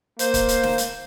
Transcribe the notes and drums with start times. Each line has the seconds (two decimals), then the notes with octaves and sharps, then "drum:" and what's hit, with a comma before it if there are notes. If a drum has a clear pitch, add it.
0.19 A#3 C5, drum: hi-hat
0.34 drum: kick, hi-hat
0.49 drum: hi-hat
0.63 drum: snare
0.78 drum: hi-hat